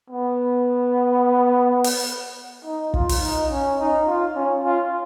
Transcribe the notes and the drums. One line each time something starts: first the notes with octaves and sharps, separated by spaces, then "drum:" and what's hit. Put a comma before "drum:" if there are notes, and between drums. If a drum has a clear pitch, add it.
B3
drum: open hi-hat
D#4
F4, drum: kick
drum: open hi-hat
D#4
C#4
D#4
F4
C#4
F4